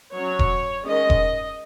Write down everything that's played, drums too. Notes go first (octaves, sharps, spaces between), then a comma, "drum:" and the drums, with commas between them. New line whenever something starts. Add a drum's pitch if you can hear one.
F#3 C#4 C#5
drum: kick E1
D#3 G#3 C#4 D#5
drum: kick E1